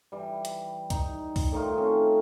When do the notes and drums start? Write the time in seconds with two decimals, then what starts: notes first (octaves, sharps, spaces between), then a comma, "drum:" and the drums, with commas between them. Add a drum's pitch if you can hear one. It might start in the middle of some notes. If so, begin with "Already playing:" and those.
0.12 E3 G3
0.45 drum: hi-hat
0.90 D#4, drum: kick C2, hi-hat
1.36 drum: kick C2, open hi-hat
1.52 A2 D#3 D#4 F4
1.77 A3 C4 C#4